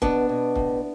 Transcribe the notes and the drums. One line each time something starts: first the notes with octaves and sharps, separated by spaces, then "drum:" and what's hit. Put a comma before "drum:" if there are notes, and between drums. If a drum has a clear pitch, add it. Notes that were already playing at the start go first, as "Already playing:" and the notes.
B2 B3 D4, drum: kick C#1
B2
A2, drum: kick C#1